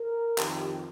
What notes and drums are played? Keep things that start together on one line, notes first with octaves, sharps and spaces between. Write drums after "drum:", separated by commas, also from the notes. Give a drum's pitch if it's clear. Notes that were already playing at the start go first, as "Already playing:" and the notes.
Already playing: A#4
F2 D#3 G4, drum: clap